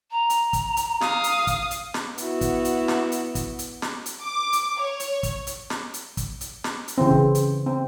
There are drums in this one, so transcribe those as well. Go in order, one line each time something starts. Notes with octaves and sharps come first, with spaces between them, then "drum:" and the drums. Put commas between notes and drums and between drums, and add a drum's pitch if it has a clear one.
A#5
drum: hi-hat
drum: kick, hi-hat
drum: hi-hat
F5 D#6, drum: snare
drum: hi-hat
drum: kick, hi-hat
drum: hi-hat
drum: snare
B3 E4 F#4, drum: hi-hat
drum: kick, hi-hat
drum: hi-hat
drum: snare
drum: hi-hat
drum: kick, hi-hat
drum: hi-hat
drum: snare
drum: hi-hat
D6
drum: hi-hat
C#5
drum: hi-hat
drum: kick, hi-hat
drum: hi-hat
drum: snare
drum: hi-hat
drum: kick, hi-hat
drum: hi-hat
drum: snare
drum: hi-hat
C#3 E3 C4
drum: kick
drum: hi-hat
C4